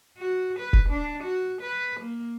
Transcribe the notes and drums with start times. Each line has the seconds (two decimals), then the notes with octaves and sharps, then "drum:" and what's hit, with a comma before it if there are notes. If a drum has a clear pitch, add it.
0.17 F#4
0.59 B4
0.73 drum: kick F1
0.89 D4
1.23 F#4
1.61 B4
2.00 A#3